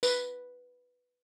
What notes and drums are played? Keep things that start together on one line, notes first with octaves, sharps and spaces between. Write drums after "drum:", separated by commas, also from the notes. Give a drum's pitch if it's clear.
B4, drum: tambourine